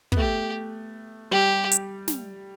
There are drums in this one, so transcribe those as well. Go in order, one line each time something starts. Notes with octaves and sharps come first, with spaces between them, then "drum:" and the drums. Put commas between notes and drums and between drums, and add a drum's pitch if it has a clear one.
B3, drum: kick
A3 G4
G3 G4
drum: hi-hat
drum: snare